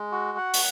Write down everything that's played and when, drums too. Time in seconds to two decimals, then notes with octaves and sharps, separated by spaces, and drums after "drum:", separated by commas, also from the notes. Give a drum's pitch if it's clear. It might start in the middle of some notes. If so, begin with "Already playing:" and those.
Already playing: G#3
0.12 F#4
0.38 F#5
0.54 drum: open hi-hat